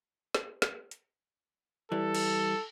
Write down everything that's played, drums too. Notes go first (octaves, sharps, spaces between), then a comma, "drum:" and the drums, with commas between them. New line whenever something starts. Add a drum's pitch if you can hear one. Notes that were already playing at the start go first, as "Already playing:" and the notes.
drum: snare
drum: snare
drum: hi-hat
E3 G3 A4
drum: cymbal